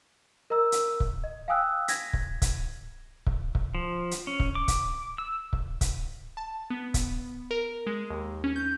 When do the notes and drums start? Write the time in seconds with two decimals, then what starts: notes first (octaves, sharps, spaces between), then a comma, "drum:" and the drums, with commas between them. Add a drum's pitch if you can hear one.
0.50 A#4 D#5 A#5 E6
0.72 drum: hi-hat
1.00 drum: kick C#1
1.24 D#5
1.48 F5 G5 G#5 D#6 E6 F#6
1.88 G#6 A#6 B6, drum: hi-hat
2.13 drum: kick C#1
2.42 drum: kick C#1, hi-hat
3.27 drum: kick C#1
3.55 drum: kick C#1
3.75 F3
4.11 drum: hi-hat
4.27 C#4
4.40 drum: kick C#1
4.55 D6
4.68 drum: kick C#1, hi-hat
5.18 E6
5.53 drum: kick C#1
5.81 drum: kick C#1, hi-hat
6.37 A5
6.70 B3
6.94 drum: kick C#1, hi-hat
7.51 A#4
7.86 G#3
8.10 D#2
8.44 C#4
8.56 G6